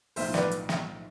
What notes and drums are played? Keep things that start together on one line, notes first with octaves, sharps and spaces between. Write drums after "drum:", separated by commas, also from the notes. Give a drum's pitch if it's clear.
B1 A2 F3 C5 E5, drum: open hi-hat
B4 D5, drum: snare
drum: hi-hat
drum: snare